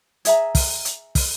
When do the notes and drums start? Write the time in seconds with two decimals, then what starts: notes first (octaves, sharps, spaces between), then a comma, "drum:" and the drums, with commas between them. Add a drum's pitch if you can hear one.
0.25 G#4 E5 A#5, drum: hi-hat
0.55 drum: kick, open hi-hat
0.85 drum: hi-hat
1.15 drum: kick, open hi-hat